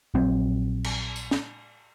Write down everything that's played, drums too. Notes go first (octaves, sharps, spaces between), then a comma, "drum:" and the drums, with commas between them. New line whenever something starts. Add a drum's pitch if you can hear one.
A#1 F#3 C4
drum: cymbal
drum: tambourine
drum: snare